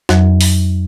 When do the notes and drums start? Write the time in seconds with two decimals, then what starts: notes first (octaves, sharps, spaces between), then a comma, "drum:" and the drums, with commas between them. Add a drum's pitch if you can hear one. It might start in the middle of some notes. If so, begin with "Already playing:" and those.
0.09 F2 F#3, drum: snare
0.41 drum: open hi-hat